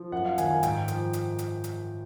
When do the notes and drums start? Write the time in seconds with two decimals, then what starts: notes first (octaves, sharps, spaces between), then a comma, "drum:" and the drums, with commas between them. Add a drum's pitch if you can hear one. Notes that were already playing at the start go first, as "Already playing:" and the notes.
Already playing: F3
0.12 F#2 F#5
0.25 F5
0.38 D#3 G#5, drum: hi-hat
0.51 G#5
0.63 G#2 G5, drum: hi-hat
0.88 F3, drum: hi-hat
1.13 drum: hi-hat
1.39 drum: hi-hat
1.64 drum: hi-hat